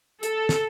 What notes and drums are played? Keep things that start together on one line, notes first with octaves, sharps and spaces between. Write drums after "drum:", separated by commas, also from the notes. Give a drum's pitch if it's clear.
A4, drum: hi-hat
drum: snare